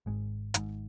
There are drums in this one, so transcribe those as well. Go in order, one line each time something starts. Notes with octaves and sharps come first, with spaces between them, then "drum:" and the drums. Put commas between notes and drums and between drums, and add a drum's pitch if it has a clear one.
G#1 G#2 G#3
G#1 G#2, drum: hi-hat